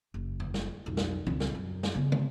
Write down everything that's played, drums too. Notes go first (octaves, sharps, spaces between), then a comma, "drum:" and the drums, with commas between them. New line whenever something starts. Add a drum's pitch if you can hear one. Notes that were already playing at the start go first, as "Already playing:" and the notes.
F#1
drum: tom E2
drum: snare
B1 F2
drum: snare
C#2 C4, drum: tom
drum: snare
F#2
drum: snare
C#3 B3
drum: tom